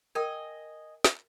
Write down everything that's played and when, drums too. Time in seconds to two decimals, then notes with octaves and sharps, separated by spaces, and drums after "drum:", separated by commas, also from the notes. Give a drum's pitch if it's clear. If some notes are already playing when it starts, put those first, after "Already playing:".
0.15 A#4 D#5 G5 G#5
1.04 drum: snare